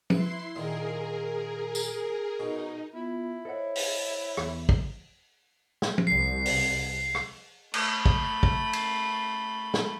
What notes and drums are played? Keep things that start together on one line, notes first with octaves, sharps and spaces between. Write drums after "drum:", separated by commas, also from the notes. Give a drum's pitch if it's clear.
E4 B4 E5 C6 C7, drum: tom
A#2 D#3 G#4 A#4
drum: tambourine
B2 D#4
B3 E4 F4
A4 C5 C#5 D#5 F#5
drum: open hi-hat
E2, drum: rim click
drum: kick
drum: snare
drum: tom
C2 G3 C7
drum: open hi-hat
drum: rim click
A3 B5, drum: cymbal
drum: kick
drum: kick
drum: cymbal
drum: snare